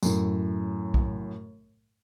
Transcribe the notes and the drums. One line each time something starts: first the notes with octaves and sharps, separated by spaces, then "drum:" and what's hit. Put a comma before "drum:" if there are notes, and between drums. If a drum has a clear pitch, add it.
F#2 A2, drum: tambourine
drum: kick B1